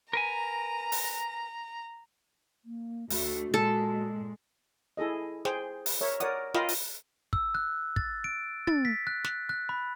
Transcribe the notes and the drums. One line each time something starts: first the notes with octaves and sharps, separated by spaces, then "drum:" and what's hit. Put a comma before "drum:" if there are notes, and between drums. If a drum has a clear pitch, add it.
A#4 B4 G#5 A#5
drum: open hi-hat
A#3
D2 A3 F#4, drum: open hi-hat
A#2 G#3 A4
E4 G#4 A4 D#5
G#4 C5 G5, drum: snare
drum: open hi-hat
A#4 C#5 E5
A#4 C#5 D5 F#5 D#6, drum: hi-hat
F4 A#4 D#5 F5 G5 B5, drum: snare
drum: open hi-hat
E6, drum: kick
F#6
A6, drum: kick
D7
A6, drum: tom
B6
F#6
F#6, drum: snare
F#6
B5